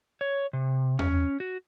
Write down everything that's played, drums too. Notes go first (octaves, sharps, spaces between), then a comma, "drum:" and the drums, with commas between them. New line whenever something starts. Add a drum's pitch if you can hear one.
C#5
C3
C#4, drum: tom E2
F#4